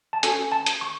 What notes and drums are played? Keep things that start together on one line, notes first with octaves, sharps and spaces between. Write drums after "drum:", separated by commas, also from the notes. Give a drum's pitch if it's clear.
A5
C#4 F#4 A4 G#5, drum: hi-hat
A5
drum: hi-hat
C#6